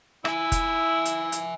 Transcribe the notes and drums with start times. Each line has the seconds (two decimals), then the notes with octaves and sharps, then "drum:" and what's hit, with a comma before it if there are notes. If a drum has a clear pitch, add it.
0.25 E4 E5 G#5, drum: rim click
0.52 drum: kick F1, hi-hat
1.05 drum: hi-hat
1.32 drum: hi-hat